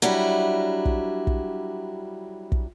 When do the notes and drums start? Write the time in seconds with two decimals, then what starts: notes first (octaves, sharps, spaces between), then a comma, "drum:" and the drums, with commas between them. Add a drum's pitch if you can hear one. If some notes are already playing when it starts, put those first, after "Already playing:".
0.02 F#3 G3 D4 E4
0.85 drum: kick
1.27 drum: kick
2.52 drum: kick